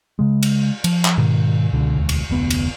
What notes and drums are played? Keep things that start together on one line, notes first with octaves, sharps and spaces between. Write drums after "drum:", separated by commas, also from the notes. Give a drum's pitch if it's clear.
C#3 G#3
drum: cymbal
F3, drum: cymbal
drum: clap
G#2 B2 D#3
C#2 B2 D3
E1 D2
drum: cymbal
F1 D2 B3
drum: cymbal